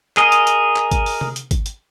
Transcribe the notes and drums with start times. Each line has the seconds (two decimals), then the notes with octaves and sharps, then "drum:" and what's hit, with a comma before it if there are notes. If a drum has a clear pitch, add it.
0.17 G#4 A#4 D#5, drum: clap
0.32 drum: hi-hat
0.47 drum: hi-hat
0.77 drum: clap
0.91 drum: kick G#1, hi-hat
1.06 drum: open hi-hat
1.21 drum: tom C3
1.36 drum: hi-hat
1.51 drum: kick G#1, hi-hat
1.66 drum: hi-hat